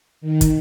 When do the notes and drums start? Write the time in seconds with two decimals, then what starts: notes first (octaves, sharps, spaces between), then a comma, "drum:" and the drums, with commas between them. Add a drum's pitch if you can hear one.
0.21 D#3
0.41 drum: kick, hi-hat